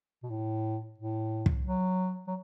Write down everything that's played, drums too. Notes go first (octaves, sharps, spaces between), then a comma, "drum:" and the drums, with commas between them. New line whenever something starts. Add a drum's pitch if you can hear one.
B2
A2
A2
drum: kick
F#3
F#3